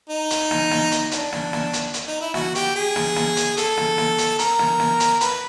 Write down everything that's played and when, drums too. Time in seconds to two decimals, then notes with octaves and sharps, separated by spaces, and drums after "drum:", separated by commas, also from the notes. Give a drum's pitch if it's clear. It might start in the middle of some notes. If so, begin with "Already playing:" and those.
0.09 D#4
0.30 drum: hi-hat
0.51 drum: snare
0.71 drum: snare
0.92 drum: hi-hat
1.11 D4, drum: hi-hat
1.33 drum: snare
1.53 drum: snare
1.73 drum: hi-hat
1.94 drum: hi-hat
2.07 D#4
2.21 E4
2.34 F#4, drum: snare
2.55 G4, drum: hi-hat
2.76 G#4
2.96 drum: snare
3.16 drum: snare
3.37 drum: hi-hat
3.57 A4, drum: hi-hat
3.77 drum: snare
3.98 drum: snare
4.18 drum: hi-hat
4.39 A#4, drum: hi-hat
4.59 drum: snare
4.80 drum: snare
5.00 drum: hi-hat
5.21 B4, drum: hi-hat